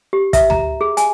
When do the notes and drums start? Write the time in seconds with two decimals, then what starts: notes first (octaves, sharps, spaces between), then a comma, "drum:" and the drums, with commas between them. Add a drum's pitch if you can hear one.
0.13 G4
0.33 E5, drum: kick, hi-hat
0.50 A#5, drum: tom D2
0.81 G#4
0.97 G#5, drum: hi-hat